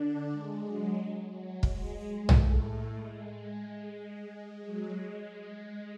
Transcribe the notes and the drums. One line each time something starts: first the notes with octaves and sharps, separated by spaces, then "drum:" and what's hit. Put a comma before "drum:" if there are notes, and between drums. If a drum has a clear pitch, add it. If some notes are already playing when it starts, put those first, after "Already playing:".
Already playing: D3 D4
G#3
F#3
F#3
G#3, drum: kick
A2 A3, drum: tom
G#3
G#3
G#3
G#3
F#3
G#3